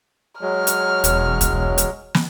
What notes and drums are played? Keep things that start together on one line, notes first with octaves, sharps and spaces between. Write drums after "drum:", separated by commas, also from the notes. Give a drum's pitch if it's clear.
F#3 G#3 C#5 F6
drum: hi-hat
E1, drum: hi-hat
drum: kick C2, hi-hat
drum: hi-hat
drum: snare